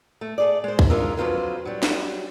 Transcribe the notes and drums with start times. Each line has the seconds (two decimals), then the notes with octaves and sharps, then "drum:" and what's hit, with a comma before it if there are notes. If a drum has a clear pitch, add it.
0.21 A3
0.38 A3 G#4 D5
0.64 G#3 C5
0.79 drum: kick
0.90 G#3 D4 D#4 F4 A#4 E5
1.17 F2 D3 F#3 F4 B4 C5
1.65 F#3 G3
1.83 drum: snare